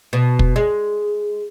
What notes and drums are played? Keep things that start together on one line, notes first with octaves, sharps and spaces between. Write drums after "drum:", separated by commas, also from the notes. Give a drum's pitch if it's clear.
B2
drum: kick
G#3